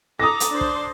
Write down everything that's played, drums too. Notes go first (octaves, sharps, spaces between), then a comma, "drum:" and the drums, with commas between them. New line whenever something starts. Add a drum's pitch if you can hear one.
A4 A#5 D6 D#6 A#6
drum: hi-hat
D4 C5 C6
drum: kick